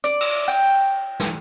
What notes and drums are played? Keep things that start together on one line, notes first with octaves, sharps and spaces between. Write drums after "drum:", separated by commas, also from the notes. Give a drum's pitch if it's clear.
D5, drum: hi-hat
drum: cymbal
G5
drum: snare